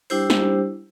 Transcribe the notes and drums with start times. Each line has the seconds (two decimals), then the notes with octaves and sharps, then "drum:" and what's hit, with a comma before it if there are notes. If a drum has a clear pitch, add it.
0.10 G3 D4 E4 G4 C5, drum: open hi-hat
0.30 drum: snare